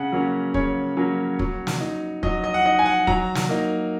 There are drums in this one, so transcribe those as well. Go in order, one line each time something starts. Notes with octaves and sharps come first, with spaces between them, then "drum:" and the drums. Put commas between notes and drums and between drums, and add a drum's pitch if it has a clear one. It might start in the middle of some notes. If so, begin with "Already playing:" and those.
Already playing: C#3 F#5
F#3 A#3 C#4
C#3 C#5, drum: kick
F#3 A#3 C#4
F#3, drum: kick
drum: snare
D#4
F#3 D#5, drum: kick
D#5
F#5
D#4 D#5
G#5
F#5
F#3 A#5, drum: kick
drum: snare
A#3 D#4